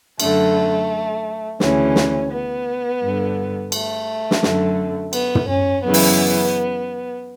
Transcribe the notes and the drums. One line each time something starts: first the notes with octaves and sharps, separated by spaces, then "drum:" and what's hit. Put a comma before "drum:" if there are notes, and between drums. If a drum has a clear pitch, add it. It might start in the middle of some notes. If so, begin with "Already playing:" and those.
F#2 D3 A3, drum: cymbal
D2 C#3 E3 C#4, drum: snare
drum: snare
B3
G2 D3
A3, drum: cymbal
drum: snare
F#2 D3, drum: snare
B3, drum: cymbal
drum: tom
C#4
F#2 C#3 E3 B3
drum: open hi-hat